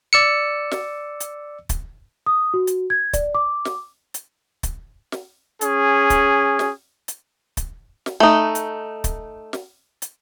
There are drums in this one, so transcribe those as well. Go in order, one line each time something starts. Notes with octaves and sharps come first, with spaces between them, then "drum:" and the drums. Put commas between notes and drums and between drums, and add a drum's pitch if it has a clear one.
D5 E6 C#7
drum: snare
drum: hi-hat
drum: kick, hi-hat
D#6
F#4
drum: hi-hat
G#6
D5, drum: kick, hi-hat
D6
drum: snare
drum: hi-hat
drum: kick, hi-hat
drum: snare
C#4 G#4, drum: hi-hat
drum: kick, hi-hat
drum: snare
drum: hi-hat
drum: kick, hi-hat
drum: snare
A3 D#4
drum: hi-hat
drum: kick, hi-hat
drum: snare
drum: hi-hat